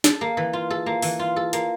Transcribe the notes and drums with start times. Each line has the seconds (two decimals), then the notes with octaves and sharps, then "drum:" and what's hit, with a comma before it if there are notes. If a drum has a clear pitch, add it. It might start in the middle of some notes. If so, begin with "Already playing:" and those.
0.04 A4, drum: snare
0.21 A#3
0.37 E3
0.53 F4
0.70 A4
0.86 A#3
1.02 E3, drum: open hi-hat
1.19 F4
1.36 A4
1.53 A#3, drum: hi-hat